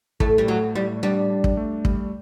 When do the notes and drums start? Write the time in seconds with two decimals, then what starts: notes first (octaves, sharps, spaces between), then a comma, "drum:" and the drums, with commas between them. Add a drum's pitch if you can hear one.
0.20 A2 A3, drum: kick
0.38 G3
0.47 F#3 A3
0.76 A2 G3
1.03 G3 D4
1.30 D4
1.44 drum: kick
1.57 A3
1.85 G3, drum: kick